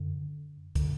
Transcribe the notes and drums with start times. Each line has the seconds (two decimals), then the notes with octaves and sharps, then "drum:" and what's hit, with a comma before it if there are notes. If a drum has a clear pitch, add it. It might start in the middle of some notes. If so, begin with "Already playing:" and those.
Already playing: F#2 D3
0.75 D3, drum: kick, hi-hat